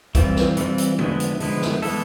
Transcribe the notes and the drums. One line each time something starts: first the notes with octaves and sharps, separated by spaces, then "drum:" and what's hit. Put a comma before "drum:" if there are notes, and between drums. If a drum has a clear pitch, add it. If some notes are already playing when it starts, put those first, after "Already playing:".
E3 G3 C4 F4, drum: kick, hi-hat
drum: snare
E3 G3 C4 F4, drum: hi-hat
drum: hi-hat
D3 F3 G#3 B3 E4, drum: tom
drum: hi-hat
D3 F3 G#3 B3 E4, drum: open hi-hat
drum: snare
E3 G#3 B3 E4 A4, drum: open hi-hat